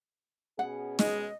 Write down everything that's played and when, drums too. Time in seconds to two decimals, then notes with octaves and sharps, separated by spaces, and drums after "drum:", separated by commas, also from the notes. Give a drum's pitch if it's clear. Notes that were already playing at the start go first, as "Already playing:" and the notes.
0.59 B2 C#4 G#4 F#5
0.99 G#3 D#5, drum: snare